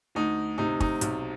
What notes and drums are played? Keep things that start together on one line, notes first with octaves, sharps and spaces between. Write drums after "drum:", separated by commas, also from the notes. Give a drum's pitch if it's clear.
D2 D#4
C3 D#4
D#4, drum: kick
B1, drum: hi-hat